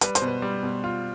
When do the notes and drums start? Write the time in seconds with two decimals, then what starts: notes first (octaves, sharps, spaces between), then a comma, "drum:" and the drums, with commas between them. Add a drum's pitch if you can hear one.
0.01 G3 B4, drum: hi-hat
0.15 C5, drum: hi-hat
0.22 B2
0.27 B4
0.42 G3
0.63 B2
0.84 F4